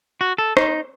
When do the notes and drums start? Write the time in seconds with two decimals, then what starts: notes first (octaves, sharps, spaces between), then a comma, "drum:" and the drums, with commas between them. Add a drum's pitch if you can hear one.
0.21 F#4
0.38 A4
0.57 D#4, drum: rim click